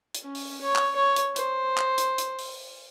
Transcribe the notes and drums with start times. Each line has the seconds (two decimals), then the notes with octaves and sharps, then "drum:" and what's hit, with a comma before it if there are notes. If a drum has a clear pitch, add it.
0.15 drum: hi-hat
0.24 C#4
0.35 drum: open hi-hat
0.62 C#5
0.76 drum: clap
0.96 C#5
1.16 drum: hi-hat
1.36 C5, drum: hi-hat
1.78 drum: clap
1.98 drum: hi-hat
2.18 drum: hi-hat
2.39 drum: open hi-hat